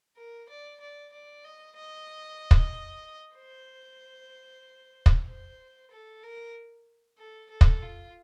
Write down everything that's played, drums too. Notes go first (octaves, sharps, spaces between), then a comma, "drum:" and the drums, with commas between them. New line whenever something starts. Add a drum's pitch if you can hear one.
A#4
D5
D5
D5
D#5
D#5
drum: kick
C5
drum: kick
C5
A4
A#4
A4
A4
drum: kick
F4